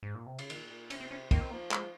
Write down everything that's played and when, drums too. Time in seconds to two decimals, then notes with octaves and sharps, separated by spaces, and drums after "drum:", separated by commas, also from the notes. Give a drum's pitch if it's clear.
0.03 G#2
0.15 A#2
0.26 C3
0.39 C#3, drum: cymbal
0.50 A#2 D#3, drum: cymbal
0.70 A#2
0.90 C3 C#4, drum: cymbal
1.00 C4
1.11 C3 C#4
1.31 D#3 A#3, drum: kick, cymbal
1.41 C4
1.51 F3 A#3
1.71 F3 G#3, drum: clap